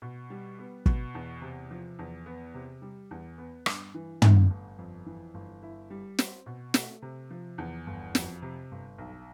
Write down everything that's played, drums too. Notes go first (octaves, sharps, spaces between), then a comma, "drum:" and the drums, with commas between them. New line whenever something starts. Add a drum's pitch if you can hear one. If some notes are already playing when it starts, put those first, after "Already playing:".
B2
G3
B3
B2, drum: kick
E2
C3
F3
E2
B3
C3
G3
E2
B3
G2, drum: rim click
E3
A1, drum: tom
G1
F2
E3
G1
E4
G3
C4, drum: snare
B2
A3, drum: snare
C3
F3
E2
G1
F2, drum: snare
C3
G1
B1